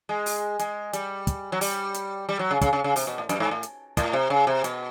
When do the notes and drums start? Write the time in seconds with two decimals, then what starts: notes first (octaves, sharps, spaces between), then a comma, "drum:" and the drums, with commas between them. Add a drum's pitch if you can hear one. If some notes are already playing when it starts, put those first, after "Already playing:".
0.09 G#3
0.26 drum: open hi-hat
0.59 G#3, drum: hi-hat
0.93 G3, drum: hi-hat
1.27 drum: kick, hi-hat
1.52 F#3
1.61 G3, drum: open hi-hat
1.94 drum: hi-hat
2.29 G3
2.39 F#3
2.51 C#3
2.61 C#3, drum: kick, hi-hat
2.73 C#3
2.84 C#3
2.96 C3, drum: open hi-hat
3.07 B2
3.18 A2
3.29 F#2, drum: hi-hat
3.40 G#2
3.51 A2
3.63 drum: hi-hat
3.97 A2, drum: kick, hi-hat
4.13 C3
4.30 C#3
4.47 C3
4.64 B2, drum: hi-hat